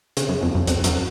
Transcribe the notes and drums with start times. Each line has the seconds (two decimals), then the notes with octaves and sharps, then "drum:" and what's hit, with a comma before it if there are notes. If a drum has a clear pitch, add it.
0.17 C#3, drum: hi-hat
0.29 F#2
0.42 F2
0.55 F#2
0.67 F2, drum: hi-hat
0.84 F#2, drum: hi-hat